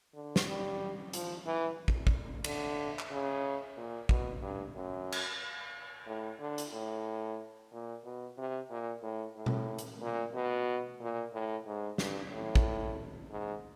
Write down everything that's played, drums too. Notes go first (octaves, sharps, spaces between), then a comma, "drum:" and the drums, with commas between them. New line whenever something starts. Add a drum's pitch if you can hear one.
D3
drum: snare
G3
F3, drum: hi-hat
E3
drum: kick
drum: kick
D3, drum: cymbal
drum: clap
C#3
A#2
B2, drum: kick
G2
F#2
drum: cymbal
A2
D3
drum: hi-hat
A2
A#2
B2
C3
A#2
A2
A2
drum: tom B2
drum: hi-hat
A#2
B2
A#2
A2
G#2
G2, drum: snare
A2
drum: kick
G#2